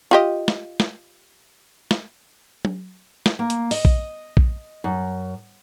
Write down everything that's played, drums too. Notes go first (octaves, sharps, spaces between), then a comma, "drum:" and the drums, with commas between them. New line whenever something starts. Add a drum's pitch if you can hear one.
F4 G4 D#5
drum: snare
drum: snare
drum: snare
drum: tom
drum: snare
A#3
drum: hi-hat
D#5, drum: open hi-hat
drum: kick A#1
drum: kick A#1
F#2